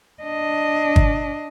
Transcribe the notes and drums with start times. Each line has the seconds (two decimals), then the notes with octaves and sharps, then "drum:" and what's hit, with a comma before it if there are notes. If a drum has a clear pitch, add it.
0.23 D4 D#5
0.96 drum: kick